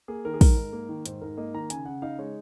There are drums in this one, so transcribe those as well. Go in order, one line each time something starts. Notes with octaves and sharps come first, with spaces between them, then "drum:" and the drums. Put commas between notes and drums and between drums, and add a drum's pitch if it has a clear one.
A#3 G#4
D#3 A#4
G#4
G#2 A#4, drum: kick, open hi-hat
G#2
A#3
D#3
G#2 C5, drum: hi-hat
G#2 A#4
A#3 D#5
D#3 A#5
C#3 G#5, drum: hi-hat
C#3 F#5
D#4 F5
G#3 C#5